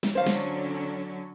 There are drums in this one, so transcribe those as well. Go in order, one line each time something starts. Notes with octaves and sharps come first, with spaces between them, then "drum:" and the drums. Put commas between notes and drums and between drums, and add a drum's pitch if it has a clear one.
drum: snare
D3 F#3 C#4 C5 F5
drum: snare